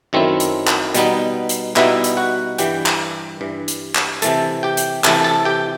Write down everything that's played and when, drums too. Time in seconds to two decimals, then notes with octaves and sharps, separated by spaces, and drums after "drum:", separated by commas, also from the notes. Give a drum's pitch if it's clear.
0.13 F#2 D#3 A3 C4 E4
0.40 drum: hi-hat
0.67 drum: clap
0.94 B2 G3 B3 D#4, drum: hi-hat
1.49 drum: hi-hat
1.76 B2 G3 B3 D#4 E4 E5, drum: clap
2.04 drum: hi-hat
2.17 F#4 F#5
2.58 G2 E3 G3 G4 G5, drum: hi-hat
2.86 drum: clap
3.41 G2 E3 G3
3.68 drum: hi-hat
3.95 drum: clap
4.22 C3 E3 A3 A4 A5, drum: hi-hat
4.63 G4 G5
4.77 drum: hi-hat
5.04 C3 E3 A3 A4 A5, drum: clap
5.24 A4 A5
5.45 G4 G5